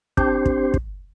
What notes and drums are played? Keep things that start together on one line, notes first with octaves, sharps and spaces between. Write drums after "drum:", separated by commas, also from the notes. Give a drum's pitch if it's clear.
C4 D4 G4 C5, drum: kick
drum: kick
drum: kick